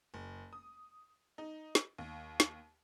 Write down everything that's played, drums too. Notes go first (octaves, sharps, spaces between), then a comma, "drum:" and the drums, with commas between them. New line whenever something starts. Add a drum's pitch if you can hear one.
F#1
D#6
D#4
drum: snare
D#2
drum: snare